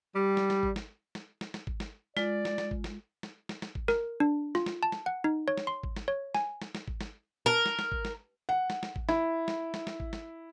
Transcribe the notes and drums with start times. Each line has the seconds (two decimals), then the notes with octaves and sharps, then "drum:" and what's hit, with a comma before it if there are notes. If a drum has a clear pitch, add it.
0.16 G3
0.37 drum: snare
0.50 drum: snare
0.63 drum: kick G#1
0.76 drum: snare
1.15 drum: snare
1.41 drum: snare
1.54 drum: snare
1.67 drum: kick G#1
1.80 drum: snare
2.17 G#3 F4 D5, drum: snare
2.45 drum: snare
2.58 drum: snare
2.71 drum: kick G#1
2.84 drum: snare
3.23 drum: snare
3.49 drum: snare
3.62 drum: snare
3.75 drum: kick G#1
3.88 A#4, drum: snare
4.20 D4
4.55 F4, drum: snare
4.66 drum: snare
4.83 A5
4.92 drum: snare
5.06 F#5
5.24 D#4
5.48 C#5
5.57 drum: snare
5.67 C6
5.83 drum: kick G#1
5.96 drum: snare
6.08 C#5
6.35 G#5, drum: snare
6.62 drum: snare
6.75 drum: snare
6.88 drum: kick G#1
7.01 drum: snare
7.46 A#4
7.66 drum: snare
7.79 drum: snare
7.92 drum: kick G#1
8.05 drum: snare
8.49 F#5
8.70 drum: snare
8.83 drum: snare
8.96 drum: kick G#1
9.09 E4, drum: snare
9.48 drum: snare
9.74 drum: snare
9.87 drum: snare
10.00 drum: kick G#1
10.13 drum: snare